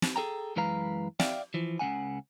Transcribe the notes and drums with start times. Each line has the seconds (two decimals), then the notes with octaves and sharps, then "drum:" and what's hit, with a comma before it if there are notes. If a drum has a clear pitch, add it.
0.02 drum: snare
0.16 G#4 A4 G5 A#5
0.56 F#2 E3 G#3 B4 F5 A#5
1.20 D5 E5 F5 G5, drum: snare
1.54 E3 F3
1.79 C#2 C#3 A#3 F#5 G#5